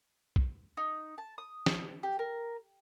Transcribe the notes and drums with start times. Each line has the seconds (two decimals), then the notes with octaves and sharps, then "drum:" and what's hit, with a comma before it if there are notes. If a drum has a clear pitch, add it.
0.36 drum: kick B1
0.77 D#4
1.18 A5
1.38 D#6
1.66 drum: snare
2.03 G4
2.19 A#4